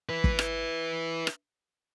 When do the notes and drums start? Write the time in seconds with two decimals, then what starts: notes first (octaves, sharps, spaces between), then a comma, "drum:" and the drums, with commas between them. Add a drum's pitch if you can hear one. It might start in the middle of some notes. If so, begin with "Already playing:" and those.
0.09 E4 B4
0.24 drum: kick
0.39 drum: rim click
1.27 drum: rim click